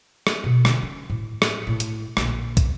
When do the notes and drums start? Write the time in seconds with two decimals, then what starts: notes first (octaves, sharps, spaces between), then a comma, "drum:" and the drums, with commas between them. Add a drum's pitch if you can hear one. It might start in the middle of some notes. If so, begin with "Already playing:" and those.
0.27 drum: rim click
0.44 B2
0.65 D3, drum: rim click
0.82 C#4
1.10 A2
1.42 drum: rim click
1.67 A2
1.80 drum: hi-hat
2.17 A#1 D3, drum: rim click
2.57 drum: kick, hi-hat